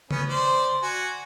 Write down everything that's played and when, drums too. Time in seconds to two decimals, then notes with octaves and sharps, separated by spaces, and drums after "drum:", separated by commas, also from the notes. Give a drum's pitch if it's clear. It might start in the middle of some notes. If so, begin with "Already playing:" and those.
0.11 B3 C#4, drum: tom C#3
0.29 C5 D5
0.82 F#4 G#5